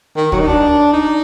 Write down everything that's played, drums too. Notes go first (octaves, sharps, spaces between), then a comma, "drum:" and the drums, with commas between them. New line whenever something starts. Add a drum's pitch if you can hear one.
D#3
F#3, drum: kick
D#4
D4
D#4